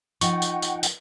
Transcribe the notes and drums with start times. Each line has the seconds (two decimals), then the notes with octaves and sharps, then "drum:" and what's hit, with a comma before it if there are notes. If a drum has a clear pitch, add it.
0.21 F3 D#4 F#5 G5 C#6, drum: tambourine
0.42 drum: tambourine
0.62 drum: tambourine
0.83 drum: tambourine